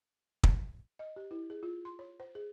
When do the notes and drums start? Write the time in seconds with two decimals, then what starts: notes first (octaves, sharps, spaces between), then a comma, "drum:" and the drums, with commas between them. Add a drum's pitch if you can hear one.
0.43 drum: kick
0.99 D#5
1.16 G4
1.31 E4
1.50 G#4
1.63 F4
1.85 C6
1.99 C#5
2.20 C5
2.35 G#4